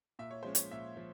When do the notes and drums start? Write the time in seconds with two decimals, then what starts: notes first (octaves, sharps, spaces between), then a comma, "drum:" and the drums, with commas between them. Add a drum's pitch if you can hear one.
0.19 A#2 E5
0.31 C#5
0.43 F3 G#3 C#4 C5
0.55 C#5, drum: hi-hat
0.71 A#2 E5
0.97 F3